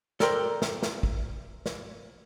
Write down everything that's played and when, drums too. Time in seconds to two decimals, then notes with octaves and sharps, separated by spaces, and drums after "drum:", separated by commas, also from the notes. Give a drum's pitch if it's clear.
0.20 A4 A#4 C5 D5 G5, drum: snare
0.62 drum: snare
0.83 drum: snare
1.03 drum: kick A1
1.66 drum: snare